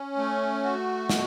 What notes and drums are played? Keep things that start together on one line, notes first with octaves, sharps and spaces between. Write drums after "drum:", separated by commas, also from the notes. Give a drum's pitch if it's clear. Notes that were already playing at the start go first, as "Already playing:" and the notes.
Already playing: C#4
A3
F#4
B2, drum: snare